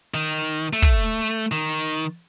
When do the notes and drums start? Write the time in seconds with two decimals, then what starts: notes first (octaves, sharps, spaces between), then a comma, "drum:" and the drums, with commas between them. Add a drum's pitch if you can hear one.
0.14 D#3
0.73 A3
0.82 drum: kick
1.52 D#3